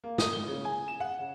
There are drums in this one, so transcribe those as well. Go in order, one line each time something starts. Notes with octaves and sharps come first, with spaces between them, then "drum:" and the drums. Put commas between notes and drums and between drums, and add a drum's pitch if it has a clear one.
A#3
D#6, drum: snare
G7
C#3
G#5
E7
F#5
C#3